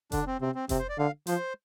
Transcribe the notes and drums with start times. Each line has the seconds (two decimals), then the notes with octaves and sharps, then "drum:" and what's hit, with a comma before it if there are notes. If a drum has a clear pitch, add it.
0.12 D3 D4, drum: kick F1, hi-hat
0.27 C4
0.41 C3 C4
0.55 C4
0.69 C3 C4, drum: kick F1, hi-hat
0.79 C5
0.89 D5
0.98 D3 F5
1.27 F3 C5, drum: hi-hat